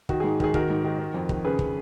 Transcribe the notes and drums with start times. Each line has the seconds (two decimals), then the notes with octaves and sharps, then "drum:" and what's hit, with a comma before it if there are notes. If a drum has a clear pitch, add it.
0.09 D#3 F#4, drum: kick
0.20 G#2 G#4
0.40 D#3 G#4, drum: kick
0.54 D#3 F#4 A#4, drum: kick
0.70 G#2
0.84 D#3
0.99 D#3
1.14 F2
1.29 D#3, drum: kick
1.44 C#3 G#4 B4
1.59 C#3, drum: kick